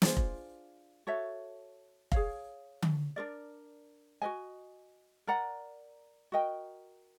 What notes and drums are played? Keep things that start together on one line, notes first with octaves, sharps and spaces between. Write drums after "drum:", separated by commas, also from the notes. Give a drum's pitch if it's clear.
D4 F4 G#4 C5, drum: snare
drum: kick F1
F#4 A4 C#5 E5
G#4 C#5 F5, drum: kick F1
drum: tom D3
D4 F#4 A#4 D5
F#4 B4 D#5 G#5
A#4 D5 F#5 A#5
F#4 A#4 D#5 G5